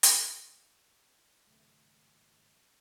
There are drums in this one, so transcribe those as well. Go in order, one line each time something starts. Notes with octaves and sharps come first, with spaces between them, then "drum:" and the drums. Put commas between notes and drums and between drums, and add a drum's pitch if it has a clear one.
drum: hi-hat
G#1 C#3 F#3 A3